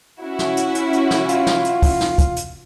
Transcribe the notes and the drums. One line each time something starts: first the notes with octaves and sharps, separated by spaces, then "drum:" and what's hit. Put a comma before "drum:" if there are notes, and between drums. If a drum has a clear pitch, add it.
C#4 E4 F#4
drum: snare
drum: hi-hat
drum: hi-hat
drum: hi-hat
drum: snare
F4, drum: hi-hat
drum: snare
drum: hi-hat
drum: kick, open hi-hat
drum: snare
drum: kick, hi-hat
drum: hi-hat